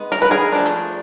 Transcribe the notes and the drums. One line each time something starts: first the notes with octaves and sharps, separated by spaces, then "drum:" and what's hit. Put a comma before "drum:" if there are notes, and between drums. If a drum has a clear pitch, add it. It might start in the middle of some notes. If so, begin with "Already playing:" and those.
Already playing: G#3 B3 D#4
A#4, drum: hi-hat
B4
G#4 A#4
F3 A3 D4
drum: hi-hat